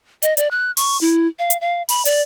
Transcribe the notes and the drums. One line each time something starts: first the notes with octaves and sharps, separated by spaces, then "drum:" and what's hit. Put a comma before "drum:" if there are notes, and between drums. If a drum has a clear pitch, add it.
D#5, drum: hi-hat
D5, drum: hi-hat
F#6
C#6, drum: open hi-hat
E4
F5
drum: hi-hat
F5
B5, drum: open hi-hat
D5, drum: hi-hat